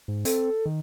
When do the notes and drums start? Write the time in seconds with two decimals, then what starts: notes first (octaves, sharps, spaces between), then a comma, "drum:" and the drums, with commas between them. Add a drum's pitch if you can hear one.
0.08 G#2
0.25 C4 A4, drum: hi-hat
0.66 D#3